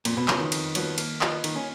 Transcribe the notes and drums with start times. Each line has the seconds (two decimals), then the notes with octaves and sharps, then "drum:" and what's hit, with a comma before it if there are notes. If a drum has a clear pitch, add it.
0.05 F2 A#2, drum: cymbal
0.17 B2
0.28 C#3 F3 B3 F#4 C#5, drum: clap
0.40 D#3
0.52 F2, drum: cymbal
0.75 F3 B3 F#4 C#5, drum: cymbal
0.98 A#3, drum: cymbal
1.21 F4 B4 D#5, drum: clap
1.44 D#3 A#3, drum: cymbal
1.56 C#4